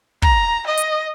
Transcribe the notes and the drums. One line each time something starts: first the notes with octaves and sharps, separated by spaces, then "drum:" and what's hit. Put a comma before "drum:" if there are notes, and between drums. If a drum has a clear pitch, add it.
A#5, drum: kick
D#5
drum: hi-hat